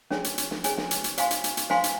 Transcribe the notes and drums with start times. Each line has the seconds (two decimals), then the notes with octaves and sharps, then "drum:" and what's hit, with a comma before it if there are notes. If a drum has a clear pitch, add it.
0.11 C#4 G#4 C#5 G#5, drum: snare
0.24 drum: hi-hat
0.38 drum: hi-hat
0.51 drum: snare
0.64 C#4 G#4 C#5 G#5, drum: hi-hat
0.77 drum: snare
0.91 drum: hi-hat
1.04 drum: hi-hat
1.18 C5 F5 G#5 C6, drum: hi-hat
1.31 drum: hi-hat
1.44 drum: hi-hat
1.57 drum: hi-hat
1.70 C5 F5 G#5 C6, drum: snare
1.84 drum: hi-hat